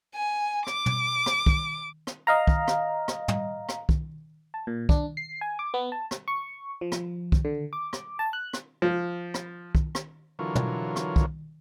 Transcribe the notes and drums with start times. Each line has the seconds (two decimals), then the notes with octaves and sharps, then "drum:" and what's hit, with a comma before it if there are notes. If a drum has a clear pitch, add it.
0.15 G#5
0.67 D6, drum: rim click
0.86 drum: tom
1.26 drum: rim click
1.46 drum: kick
2.07 drum: rim click
2.27 D#5 F5 A#5
2.47 drum: kick
2.68 drum: rim click
3.08 drum: rim click
3.28 drum: tom
3.69 drum: rim click
3.89 drum: kick
4.54 A5
4.67 A#2
4.89 D4, drum: kick
5.17 C7
5.41 G#5
5.59 D6
5.74 B3
5.92 A5
6.11 drum: rim click
6.28 C#6
6.81 F3
6.92 drum: rim click
7.32 drum: kick
7.45 D3
7.73 D6
7.93 drum: rim click
8.19 A5
8.33 F#6
8.53 drum: rim click
8.82 F3
9.34 drum: rim click
9.75 drum: kick
9.95 drum: rim click
10.39 D3 E3 F#3 F4 A#4 C#5
10.55 drum: tom
10.96 drum: rim click
11.16 drum: kick